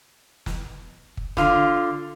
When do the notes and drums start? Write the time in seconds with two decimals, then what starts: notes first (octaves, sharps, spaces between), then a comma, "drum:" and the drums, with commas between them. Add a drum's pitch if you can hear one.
0.46 drum: snare
1.17 drum: kick
1.37 D3 F4, drum: snare